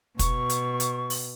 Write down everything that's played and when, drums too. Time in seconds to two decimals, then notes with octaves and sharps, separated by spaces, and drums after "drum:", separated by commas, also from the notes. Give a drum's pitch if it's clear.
0.19 B2 C#6, drum: kick, hi-hat
0.50 drum: hi-hat
0.80 drum: hi-hat
1.10 drum: open hi-hat